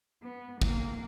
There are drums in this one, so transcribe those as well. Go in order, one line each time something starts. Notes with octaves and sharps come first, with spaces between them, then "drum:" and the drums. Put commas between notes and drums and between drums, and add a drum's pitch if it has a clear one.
B3
A#3, drum: kick